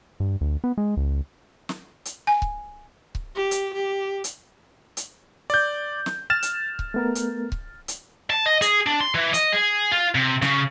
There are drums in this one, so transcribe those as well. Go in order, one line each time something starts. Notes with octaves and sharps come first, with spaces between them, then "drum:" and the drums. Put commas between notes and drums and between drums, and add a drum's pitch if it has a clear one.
G2
D2
B3
G#3
C#2
drum: snare
drum: hi-hat
G#5
drum: kick C#1
drum: kick C#1
G4
drum: hi-hat
G4
drum: hi-hat
drum: hi-hat
D5 G6
drum: snare
F6 A6 E7
drum: hi-hat
drum: kick C#1
A3 B3 A#4
drum: hi-hat
drum: kick C#1
drum: hi-hat
A5
D#5
G#4, drum: hi-hat
D4
C6
E3
D#5, drum: hi-hat
G#4
F4
C3
C#3, drum: snare